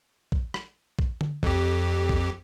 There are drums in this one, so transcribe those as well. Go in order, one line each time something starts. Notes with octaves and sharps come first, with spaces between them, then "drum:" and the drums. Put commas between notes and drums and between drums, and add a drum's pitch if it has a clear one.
drum: kick
drum: rim click
drum: kick
drum: tom D3
F2 G4, drum: kick
drum: kick